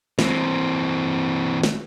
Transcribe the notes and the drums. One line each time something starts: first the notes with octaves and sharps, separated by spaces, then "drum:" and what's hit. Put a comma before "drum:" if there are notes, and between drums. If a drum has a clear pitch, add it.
E3 C4, drum: snare
drum: snare